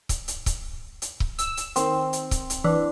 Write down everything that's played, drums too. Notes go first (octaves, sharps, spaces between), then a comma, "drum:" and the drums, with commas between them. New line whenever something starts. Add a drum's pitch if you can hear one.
drum: kick C#1, hi-hat
drum: hi-hat
drum: kick C#1, hi-hat
drum: hi-hat
drum: kick C#1
E6, drum: hi-hat
drum: hi-hat
D#3 C4, drum: hi-hat
drum: hi-hat
drum: kick C#1, hi-hat
drum: hi-hat
E3 D4